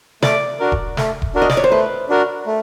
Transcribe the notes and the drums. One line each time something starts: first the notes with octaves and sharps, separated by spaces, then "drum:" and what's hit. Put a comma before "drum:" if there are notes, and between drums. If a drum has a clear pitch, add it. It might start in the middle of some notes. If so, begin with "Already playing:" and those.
A3 D5, drum: snare
D4 F#4 A#4
drum: kick E1
A3, drum: snare
drum: kick E1
D4 F#4 A#4
D#5
D5, drum: snare
C#5
C5
A3 B4
D4 F#4 A#4
A3